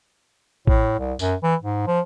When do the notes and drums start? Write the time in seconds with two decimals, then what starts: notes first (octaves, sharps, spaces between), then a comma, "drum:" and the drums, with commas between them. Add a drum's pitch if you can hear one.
0.67 A2, drum: kick A1
0.99 C2
1.19 F#2, drum: tambourine
1.43 E3
1.63 G#2
1.87 F3